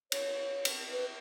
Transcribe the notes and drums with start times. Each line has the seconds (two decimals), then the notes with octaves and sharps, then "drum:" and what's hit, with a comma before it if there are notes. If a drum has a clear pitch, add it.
0.12 C#5, drum: cymbal
0.65 drum: cymbal
0.91 B4